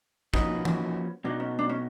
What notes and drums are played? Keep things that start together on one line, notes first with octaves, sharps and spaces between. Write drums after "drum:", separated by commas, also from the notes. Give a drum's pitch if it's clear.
F3 A#3 C#4 D#4 F#4 B4, drum: kick
drum: tom E3
B2 F#3 B3 D4 D#4
C#4
D4
C#4